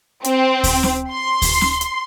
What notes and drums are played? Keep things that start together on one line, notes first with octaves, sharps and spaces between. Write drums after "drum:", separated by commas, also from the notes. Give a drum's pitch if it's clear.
C4, drum: hi-hat
drum: kick D2, open hi-hat
drum: snare
C6
drum: kick D2, open hi-hat
drum: snare
drum: hi-hat